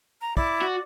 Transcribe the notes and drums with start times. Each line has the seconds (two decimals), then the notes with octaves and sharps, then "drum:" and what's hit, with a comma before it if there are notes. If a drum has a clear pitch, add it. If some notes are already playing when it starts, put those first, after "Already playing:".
0.21 A#5
0.37 E4 D5, drum: kick
0.61 F#4